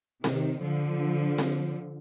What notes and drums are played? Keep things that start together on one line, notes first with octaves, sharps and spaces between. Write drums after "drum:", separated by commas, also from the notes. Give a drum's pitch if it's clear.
C3 D#3, drum: snare C4
D3 F3
drum: snare C4